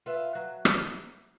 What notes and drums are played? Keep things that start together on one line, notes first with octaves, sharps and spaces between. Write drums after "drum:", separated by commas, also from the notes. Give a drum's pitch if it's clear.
F4 B4 E5
F#3
drum: rim click